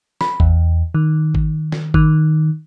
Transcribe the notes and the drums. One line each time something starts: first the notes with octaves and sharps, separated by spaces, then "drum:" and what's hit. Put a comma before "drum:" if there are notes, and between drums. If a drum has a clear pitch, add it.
B5, drum: snare
E2, drum: kick G#1
D#3
drum: kick G#1
drum: snare
D#3, drum: kick G#1